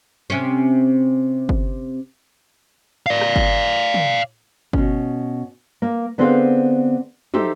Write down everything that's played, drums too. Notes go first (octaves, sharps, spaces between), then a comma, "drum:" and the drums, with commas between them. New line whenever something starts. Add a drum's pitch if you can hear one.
C3 C#4
drum: kick G1
D5 F5
drum: rim click
drum: kick G1
drum: tom
B2 C#4, drum: kick G1
A#3
D3 B3 C4 G#4 C5 F5
D#4 G4 A4 C5 E5, drum: tom